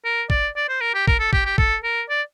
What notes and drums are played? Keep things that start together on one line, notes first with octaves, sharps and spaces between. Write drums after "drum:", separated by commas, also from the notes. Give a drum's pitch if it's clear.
A#4
D5, drum: kick A1
D5
C5
A#4
G4
A#4, drum: kick A1
A4
G4, drum: kick A1
G4
A4, drum: kick A1
A#4
D5